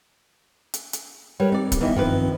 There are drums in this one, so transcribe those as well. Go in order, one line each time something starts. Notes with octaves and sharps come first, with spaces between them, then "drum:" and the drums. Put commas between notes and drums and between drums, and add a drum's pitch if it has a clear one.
drum: hi-hat
drum: hi-hat
G3 A#4 B4 C#5
C4 D#4 D5
drum: kick C#1, hi-hat
D#3 E3 B3 D#5 E5
G2 D#3 F3 C4 B4